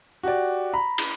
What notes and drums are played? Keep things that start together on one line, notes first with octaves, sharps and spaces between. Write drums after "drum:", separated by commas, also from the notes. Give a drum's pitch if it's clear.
F#4 G4 D5
A#5 B5
drum: cymbal